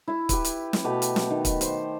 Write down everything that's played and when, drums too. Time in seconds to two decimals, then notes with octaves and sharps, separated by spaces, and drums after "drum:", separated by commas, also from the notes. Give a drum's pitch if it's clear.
0.08 E4 E5
0.29 G4 B4, drum: kick, hi-hat
0.45 drum: hi-hat
0.73 drum: snare
0.84 B2 A3 G4 B4
1.02 drum: hi-hat
1.16 drum: snare
1.30 D#3
1.45 drum: kick, hi-hat
1.61 C5, drum: hi-hat